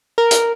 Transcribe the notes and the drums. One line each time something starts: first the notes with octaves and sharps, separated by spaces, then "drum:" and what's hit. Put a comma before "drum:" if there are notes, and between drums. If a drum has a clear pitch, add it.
A#4
drum: hi-hat